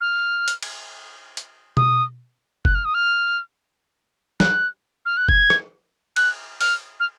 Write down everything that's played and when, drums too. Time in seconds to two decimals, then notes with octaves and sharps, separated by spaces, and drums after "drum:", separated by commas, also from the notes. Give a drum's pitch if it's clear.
0.01 F6
0.48 drum: hi-hat
0.62 drum: cymbal
1.37 drum: hi-hat
1.77 D#6, drum: tom B2
2.65 F#6, drum: kick F#1
2.75 F6
2.85 D#6
2.94 F6
4.40 F#6, drum: snare
5.06 F6
5.17 F#6
5.29 G#6, drum: kick F#1
5.50 drum: rim click
6.16 F#6, drum: cymbal
6.61 F6, drum: open hi-hat
7.00 F6